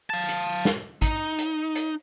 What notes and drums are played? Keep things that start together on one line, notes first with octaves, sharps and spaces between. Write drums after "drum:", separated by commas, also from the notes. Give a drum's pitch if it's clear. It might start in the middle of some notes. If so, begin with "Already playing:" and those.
F5 A5
drum: hi-hat
drum: snare
D#4, drum: kick, hi-hat
drum: hi-hat
drum: hi-hat